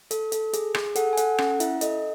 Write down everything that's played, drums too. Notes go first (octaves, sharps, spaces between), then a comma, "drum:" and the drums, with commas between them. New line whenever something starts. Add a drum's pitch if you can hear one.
A4, drum: hi-hat
A4, drum: hi-hat
G#4, drum: hi-hat
G#4, drum: rim click
A4 F#5, drum: hi-hat
G#5
A4 F#5, drum: hi-hat
C#4 F#5, drum: rim click
E4 E5, drum: hi-hat
A4 D#5, drum: hi-hat